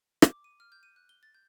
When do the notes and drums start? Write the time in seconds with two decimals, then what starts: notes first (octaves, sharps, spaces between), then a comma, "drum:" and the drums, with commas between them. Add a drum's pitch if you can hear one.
0.22 D6, drum: rim click
0.44 D#7
0.60 F6
0.72 G6
0.83 D#7
0.96 F#6
1.09 G7
1.23 A6
1.35 G6